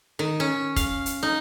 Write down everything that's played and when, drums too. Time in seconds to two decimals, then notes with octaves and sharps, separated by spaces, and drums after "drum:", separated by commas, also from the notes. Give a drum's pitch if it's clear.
0.19 D#3
0.40 C#4
0.76 F5, drum: kick, hi-hat
1.06 drum: hi-hat
1.23 D#4